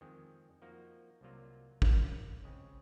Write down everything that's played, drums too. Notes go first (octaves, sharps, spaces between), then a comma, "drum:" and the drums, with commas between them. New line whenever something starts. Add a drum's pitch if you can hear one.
F2 D#3 G#3 C4
F3 A#3 D#4 F#4
C2 C3 F#3 A#3 F4
C3 F#3 A#3, drum: kick
C#2 C#3 G#3 C4